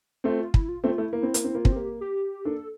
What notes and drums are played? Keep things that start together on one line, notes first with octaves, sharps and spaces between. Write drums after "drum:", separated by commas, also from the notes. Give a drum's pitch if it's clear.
A3 C4 F4
F4
E4, drum: kick
F4
A3 C4 F4
A3 E4
A#3
C4
A#3, drum: hi-hat
C4
A#3 F4
C4, drum: kick
A#3 G4
G4
A#3 D4 A4